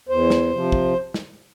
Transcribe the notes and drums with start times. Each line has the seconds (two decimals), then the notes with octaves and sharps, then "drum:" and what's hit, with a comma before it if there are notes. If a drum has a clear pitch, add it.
0.09 E2 C5
0.30 drum: snare
0.51 C3 F3
0.72 drum: kick
1.14 drum: snare